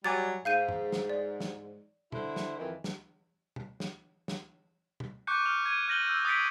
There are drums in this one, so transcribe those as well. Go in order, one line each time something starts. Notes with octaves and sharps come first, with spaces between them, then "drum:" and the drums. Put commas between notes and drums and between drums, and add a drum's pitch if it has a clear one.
F#3 G3 G#5 D6 A6
G#2 F5 G6 D#7
drum: tom G2
drum: snare
D5
drum: snare
D3 E4 C5, drum: tom
drum: snare
F2 D#3 E3
drum: snare
drum: tom
drum: snare
drum: snare
drum: tom
C#6 D6 F#6 G6 C#7
F6 F7
G#6 D#7
F6 G6 A#6 D#7 F#7 G7
E6 G6
D#6 G6 A6 B6 C#7 D7